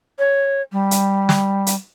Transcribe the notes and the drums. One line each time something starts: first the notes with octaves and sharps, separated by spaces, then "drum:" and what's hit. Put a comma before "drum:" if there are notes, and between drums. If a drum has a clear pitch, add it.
C#5
G3
drum: hi-hat
drum: snare
drum: hi-hat